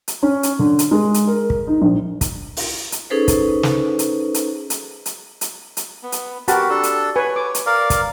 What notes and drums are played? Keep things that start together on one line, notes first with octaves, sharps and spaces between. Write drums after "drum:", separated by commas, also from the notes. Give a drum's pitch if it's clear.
drum: hi-hat
C#4
drum: hi-hat
D3
drum: hi-hat
G#3
drum: hi-hat
A#4
drum: kick
D#4
A#1
drum: kick, hi-hat
drum: open hi-hat
drum: hi-hat
C#4 D#4 G#4 A4 B4 C5
drum: kick, hi-hat
drum: snare
drum: hi-hat
drum: hi-hat
drum: hi-hat
drum: hi-hat
drum: hi-hat
drum: hi-hat
B3
drum: hi-hat
F#4 G4 A#4 B4 A5, drum: hi-hat
D4 A4
drum: hi-hat
B4 C#5 G#5
D6
drum: hi-hat
A#4 D5 F5
drum: kick, hi-hat